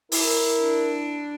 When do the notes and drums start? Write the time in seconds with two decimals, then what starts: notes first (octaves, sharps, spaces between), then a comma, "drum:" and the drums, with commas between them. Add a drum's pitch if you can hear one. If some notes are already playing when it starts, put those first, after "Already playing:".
0.12 E4 A#4, drum: open hi-hat
0.62 D4